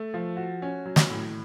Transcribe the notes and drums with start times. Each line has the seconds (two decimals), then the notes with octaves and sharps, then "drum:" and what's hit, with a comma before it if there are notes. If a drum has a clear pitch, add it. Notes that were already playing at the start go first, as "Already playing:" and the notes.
Already playing: A3
0.14 F3
0.37 F#4
0.62 C#4
0.85 F#3
0.96 drum: snare
1.10 A2